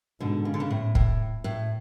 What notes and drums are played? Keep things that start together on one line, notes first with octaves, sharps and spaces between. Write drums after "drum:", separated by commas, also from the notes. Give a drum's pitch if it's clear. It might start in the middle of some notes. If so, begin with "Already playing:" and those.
G#2 B2 D3
C#3
D3
C#3
A2
A2, drum: kick
A2